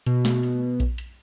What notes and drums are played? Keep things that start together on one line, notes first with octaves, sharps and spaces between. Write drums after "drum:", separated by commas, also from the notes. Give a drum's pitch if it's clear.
B2, drum: hi-hat
drum: snare
drum: hi-hat
drum: kick A#1, hi-hat
drum: hi-hat